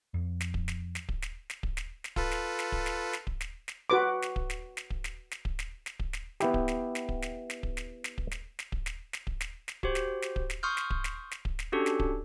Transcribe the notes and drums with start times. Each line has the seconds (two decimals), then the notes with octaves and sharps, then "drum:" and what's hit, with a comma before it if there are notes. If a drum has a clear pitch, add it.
0.14 F2
0.40 drum: snare
0.54 drum: kick D1
0.68 drum: snare
0.95 drum: snare
1.09 drum: kick D1
1.22 drum: snare
1.50 drum: snare
1.63 drum: kick D1
1.77 drum: snare
2.04 drum: snare
2.16 F4 A4 B4, drum: kick D1
2.31 drum: snare
2.59 drum: snare
2.72 drum: kick D1
2.86 drum: snare
3.13 drum: snare
3.27 drum: kick D1
3.40 drum: snare
3.68 drum: snare
3.90 F#4 B4 D6
4.22 drum: snare
4.36 drum: kick D1
4.50 drum: snare
4.77 drum: snare
4.90 drum: kick D1
5.04 drum: snare
5.31 drum: snare
5.45 drum: kick D1
5.59 drum: snare
5.86 drum: snare
6.00 drum: kick D1
6.13 drum: snare
6.40 B3 E4 G4, drum: snare
6.54 drum: kick D1
6.68 drum: snare
6.95 drum: snare
7.09 drum: kick D1
7.22 drum: snare
7.50 drum: snare
7.63 drum: kick D1
7.77 drum: snare
8.04 drum: snare
8.18 drum: kick D1
8.31 drum: snare
8.59 drum: snare
8.72 drum: kick D1
8.86 drum: snare
9.13 drum: snare
9.27 drum: kick D1
9.41 drum: snare
9.68 drum: snare
9.83 F#4 G4 C5, drum: kick D1
9.95 drum: snare
10.22 drum: snare
10.36 drum: kick D1
10.50 drum: snare
10.63 C6 C#6 D#6 F6 G6
10.77 drum: snare
10.91 drum: kick D1
11.04 drum: snare
11.31 drum: snare
11.45 drum: kick D1
11.59 drum: snare
11.72 C#4 D4 F#4 G4 A4
11.86 drum: snare
12.00 drum: kick D1